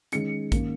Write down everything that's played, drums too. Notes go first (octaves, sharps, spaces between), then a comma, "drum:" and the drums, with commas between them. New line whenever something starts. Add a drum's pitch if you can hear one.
D#3 G#3 C#4 C#7, drum: hi-hat
D#3 A#3 C#4, drum: kick, hi-hat